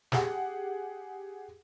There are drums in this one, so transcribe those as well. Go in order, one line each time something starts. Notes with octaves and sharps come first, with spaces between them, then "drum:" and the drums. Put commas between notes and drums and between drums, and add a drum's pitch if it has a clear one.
G4 G#4 F#5, drum: snare